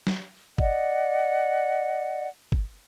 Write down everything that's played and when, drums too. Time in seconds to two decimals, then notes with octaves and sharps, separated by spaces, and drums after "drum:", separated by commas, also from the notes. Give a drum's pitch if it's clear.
0.07 drum: snare
0.58 D5 D#5 F#5, drum: kick
2.52 drum: kick